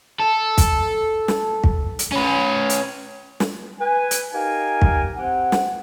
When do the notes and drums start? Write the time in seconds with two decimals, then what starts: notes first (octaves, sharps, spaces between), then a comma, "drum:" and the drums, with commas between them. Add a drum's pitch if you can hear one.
0.20 A4
0.58 drum: kick, hi-hat
1.28 drum: snare
1.64 drum: kick
1.99 drum: hi-hat
2.12 C#4 B4
2.70 drum: hi-hat
3.40 drum: snare
3.80 B4 G#5
4.11 drum: hi-hat
4.33 D#4 G4 A#4 F5 G#5
4.82 drum: kick
5.17 C4 G4 F#5
5.52 drum: snare